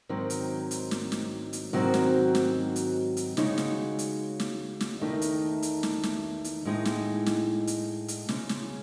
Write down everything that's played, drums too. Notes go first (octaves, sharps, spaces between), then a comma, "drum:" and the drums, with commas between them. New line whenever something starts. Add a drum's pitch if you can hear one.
G#2 D#3 F#3 C4
drum: hi-hat
drum: hi-hat
drum: snare
drum: snare
drum: hi-hat
G#2 D#3 F#3 C4 F#4
drum: snare
drum: snare
drum: hi-hat
drum: hi-hat
C#3 G#3 D#4 F#4 C#5, drum: snare
drum: snare
drum: hi-hat
drum: snare
drum: snare
E2 D#3 A3 D#4
drum: hi-hat
drum: hi-hat
drum: snare
drum: snare
drum: hi-hat
A2 G#3 D#4
drum: snare
drum: snare
drum: hi-hat
drum: hi-hat
C#3 G#3 C#4, drum: snare
drum: snare